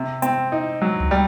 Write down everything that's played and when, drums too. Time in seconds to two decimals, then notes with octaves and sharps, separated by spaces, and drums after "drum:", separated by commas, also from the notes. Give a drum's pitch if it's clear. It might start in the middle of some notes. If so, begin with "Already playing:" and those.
Already playing: C3
0.22 C4, drum: hi-hat
0.52 D#4
0.82 F#3
1.00 drum: tom C#2
1.11 G3